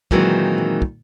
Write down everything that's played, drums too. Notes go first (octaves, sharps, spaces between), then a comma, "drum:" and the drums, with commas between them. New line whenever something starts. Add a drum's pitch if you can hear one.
A#2 D#3 E3 F#3 G#3 C4, drum: kick
drum: tom A#2
drum: kick